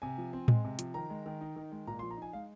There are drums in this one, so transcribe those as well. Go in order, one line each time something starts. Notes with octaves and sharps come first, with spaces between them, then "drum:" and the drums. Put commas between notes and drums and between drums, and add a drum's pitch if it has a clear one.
C3 G#5
F3
C4
G#3, drum: tom A2
C3
F3, drum: hi-hat
D#3 A#5
G#3
D#3
D#4
D#3
G#3
A#2 A#5
C6
F3
A#5
D#4 G#5
G#3 F5